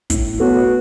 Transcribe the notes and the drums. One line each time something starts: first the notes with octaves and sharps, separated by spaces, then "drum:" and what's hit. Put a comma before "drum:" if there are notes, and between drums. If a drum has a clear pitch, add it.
A2, drum: kick, hi-hat
B3 F#4 A4 C#5